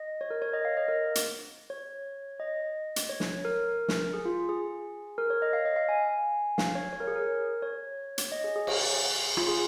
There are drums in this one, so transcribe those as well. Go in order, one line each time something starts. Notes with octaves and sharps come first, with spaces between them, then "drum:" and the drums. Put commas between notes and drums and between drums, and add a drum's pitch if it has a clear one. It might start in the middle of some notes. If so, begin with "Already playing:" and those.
Already playing: D#5
C#5
A#4
C#5
D#5
F5
D#5
A#4
drum: hi-hat
C#5
D#5
drum: hi-hat
C#5
drum: snare
A#4
drum: snare
G#4
F4
G#4
A#4
C#5
D#5
F5
D#5
F5
G#5
F5, drum: snare
C#5
C#5
A#4
G#4
A#4
C#5
drum: hi-hat
D#5
G#4
G#4
drum: cymbal
F4, drum: rim click
G#4